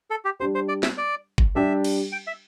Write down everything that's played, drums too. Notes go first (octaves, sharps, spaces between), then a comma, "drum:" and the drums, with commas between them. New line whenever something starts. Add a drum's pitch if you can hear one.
A4
G4
G3 D4 G4 C5
C5
D5
E5, drum: snare
D5
drum: kick
G3 D4 G4 E5
drum: cymbal
G5
E5